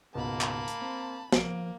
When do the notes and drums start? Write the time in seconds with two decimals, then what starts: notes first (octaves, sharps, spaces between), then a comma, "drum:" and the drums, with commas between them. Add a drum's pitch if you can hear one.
0.15 C#2 G#2 B2 A#3 A5 B5
0.41 drum: clap
0.68 drum: hi-hat
0.81 C4
1.32 F3 A#3 D7 F#7, drum: snare